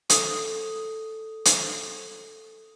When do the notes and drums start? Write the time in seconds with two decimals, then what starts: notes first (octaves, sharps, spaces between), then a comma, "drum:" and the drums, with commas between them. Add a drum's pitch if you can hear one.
0.10 A4 D#6, drum: hi-hat
1.45 drum: hi-hat